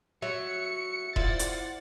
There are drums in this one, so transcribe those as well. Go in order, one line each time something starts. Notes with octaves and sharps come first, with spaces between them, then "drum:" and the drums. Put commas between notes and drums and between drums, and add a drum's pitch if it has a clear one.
F#3 E5 C#7
E4 F4 C5 D5 F#5 A6, drum: kick E1
drum: hi-hat